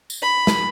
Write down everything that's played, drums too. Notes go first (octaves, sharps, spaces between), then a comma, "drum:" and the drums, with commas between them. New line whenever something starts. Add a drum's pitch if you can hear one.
drum: tambourine
B5
drum: snare